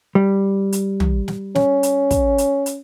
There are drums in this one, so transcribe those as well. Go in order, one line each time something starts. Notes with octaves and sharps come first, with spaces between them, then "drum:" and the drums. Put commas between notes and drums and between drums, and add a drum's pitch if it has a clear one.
G3
drum: hi-hat
drum: tom
drum: snare
C#4, drum: snare
drum: hi-hat
drum: kick, hi-hat
drum: hi-hat
drum: hi-hat